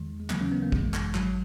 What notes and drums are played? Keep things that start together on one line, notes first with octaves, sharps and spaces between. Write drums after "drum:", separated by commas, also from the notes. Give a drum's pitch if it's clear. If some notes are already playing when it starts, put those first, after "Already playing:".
Already playing: E2 D#3 G#3
G#3
D#2 C#3 E3 F#3 A#3, drum: clap
C#4
B3
A#3
G#1 F#2 E3 G#3, drum: kick
drum: clap
G#1 G#2 D#3 F#3, drum: clap